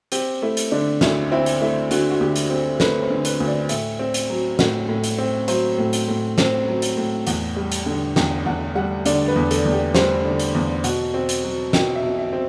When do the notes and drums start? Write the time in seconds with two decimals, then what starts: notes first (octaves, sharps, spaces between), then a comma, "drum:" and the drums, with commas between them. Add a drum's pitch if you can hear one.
0.12 C4 G4, drum: hi-hat
0.42 A3 E4
0.57 drum: hi-hat
0.72 D3 D4
1.01 D2 E4, drum: snare
1.32 C4 E4
1.46 drum: hi-hat
1.61 A3 E4
1.91 D3 F#4, drum: hi-hat
2.11 F#4
2.21 D2 G4
2.36 drum: hi-hat
2.50 C4
2.80 A3 B4, drum: snare
3.03 C5
3.10 D3
3.25 B4, drum: hi-hat
3.40 D2
3.47 D5
3.69 A2 E5, drum: hi-hat
3.99 C4
4.14 drum: hi-hat
4.30 F#3
4.59 A2 F#5, drum: snare
4.89 A2
5.04 drum: hi-hat
5.18 C4
5.48 F#3 C5, drum: hi-hat
5.78 A2
5.93 drum: hi-hat
6.08 A2
6.38 C4, drum: snare
6.67 F#3
6.82 drum: hi-hat
6.97 A2
7.27 E2 F#5, drum: hi-hat
7.56 G3
7.72 drum: hi-hat
7.86 D3
8.16 E2 G5, drum: snare
8.46 E2 F#5
8.75 G3 F#5
9.06 D3 D5, drum: hi-hat
9.28 B4
9.36 E2
9.51 A4, drum: hi-hat
9.65 E2
9.72 G4
9.95 G3 C5, drum: snare
10.25 D3
10.40 drum: hi-hat
10.55 E2
10.84 B2 F#5, drum: hi-hat
11.14 C4
11.29 drum: hi-hat
11.44 F#3
11.73 B2 G5, drum: snare
11.95 E5
12.03 B2
12.18 E5
12.33 C4